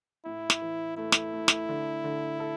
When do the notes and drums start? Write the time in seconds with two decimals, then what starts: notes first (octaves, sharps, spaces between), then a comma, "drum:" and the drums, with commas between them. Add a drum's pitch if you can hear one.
0.25 A2 E4
0.50 drum: snare
0.62 E3
0.97 A3 E4
1.12 drum: snare
1.33 A3
1.48 drum: snare
1.69 D3
2.04 D3
2.40 A4